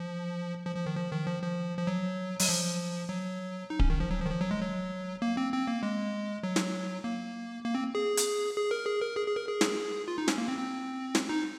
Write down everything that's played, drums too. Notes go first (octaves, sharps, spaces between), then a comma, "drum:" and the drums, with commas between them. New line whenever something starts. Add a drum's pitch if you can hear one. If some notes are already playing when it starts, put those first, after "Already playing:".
Already playing: F3
F3
F3
D#3
F3
D#3
F3
F3
F3
F#3
F#3, drum: open hi-hat
F3
F#3
D#4
C#4, drum: kick D1
D#3
F3
F#3
F3
D#3
F3
F#3
G#3
F#3
A#3
C4
C4
A#3
G#3
F#3
drum: snare
A#3
A#3
C4
G#4
drum: hi-hat
G#4
A#4
G#4
A#4
G#4
G#4
A#4
G#4
drum: snare
F4
D#4
C#4, drum: snare
A#3
C4
C4
drum: snare
D#4